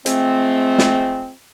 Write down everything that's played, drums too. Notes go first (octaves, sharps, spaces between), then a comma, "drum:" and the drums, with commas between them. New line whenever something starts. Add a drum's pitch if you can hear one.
F3 G#3 A3 C4, drum: hi-hat
drum: snare